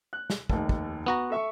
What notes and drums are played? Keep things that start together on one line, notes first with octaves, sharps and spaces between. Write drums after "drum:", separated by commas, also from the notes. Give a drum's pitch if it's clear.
F#6
drum: snare
F1 D#2, drum: kick
drum: kick
B3 F#4 A#5
A4 E5 C#6